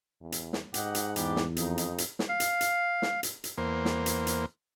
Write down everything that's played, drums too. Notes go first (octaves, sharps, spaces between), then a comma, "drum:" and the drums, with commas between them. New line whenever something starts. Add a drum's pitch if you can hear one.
E2
drum: hi-hat
drum: snare
G#2 G4 D#5 F#5, drum: hi-hat
drum: hi-hat
E2 B3 D4 G4, drum: hi-hat
drum: snare
F2 D#4, drum: hi-hat
drum: hi-hat
drum: hi-hat
drum: snare
F5
drum: hi-hat
drum: hi-hat
drum: snare
drum: hi-hat
drum: hi-hat
E2 A#3 C5
drum: snare
drum: hi-hat
drum: hi-hat